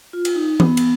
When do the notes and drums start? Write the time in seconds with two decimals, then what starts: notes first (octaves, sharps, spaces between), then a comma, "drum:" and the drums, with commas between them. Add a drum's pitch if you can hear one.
0.13 F4
0.25 drum: cymbal
0.36 D#4
0.60 B3, drum: tom E3
0.77 drum: cymbal